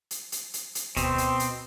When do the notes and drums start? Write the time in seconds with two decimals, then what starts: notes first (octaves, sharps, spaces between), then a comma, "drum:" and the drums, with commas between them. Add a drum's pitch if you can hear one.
0.11 drum: hi-hat
0.32 drum: hi-hat
0.54 drum: hi-hat
0.75 drum: hi-hat
0.97 B2 C4, drum: kick D2, hi-hat
1.18 drum: hi-hat
1.40 drum: hi-hat